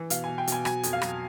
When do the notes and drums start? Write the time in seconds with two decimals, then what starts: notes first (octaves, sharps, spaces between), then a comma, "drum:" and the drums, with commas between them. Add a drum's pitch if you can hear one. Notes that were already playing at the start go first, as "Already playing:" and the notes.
Already playing: E3
0.10 B2 F5, drum: hi-hat
0.24 B2 G#5
0.38 G5
0.47 B2 G#5, drum: hi-hat
0.65 F#3 G#5, drum: rim click
0.83 F2, drum: hi-hat
0.93 F5
1.02 F#3, drum: rim click